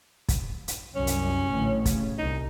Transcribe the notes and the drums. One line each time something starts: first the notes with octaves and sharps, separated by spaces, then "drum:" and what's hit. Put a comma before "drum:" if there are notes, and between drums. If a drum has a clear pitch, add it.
drum: kick, hi-hat
drum: hi-hat
C2 F#2 C#4
drum: hi-hat
A1 A#2 D3
C#3, drum: kick, hi-hat
C2 D#4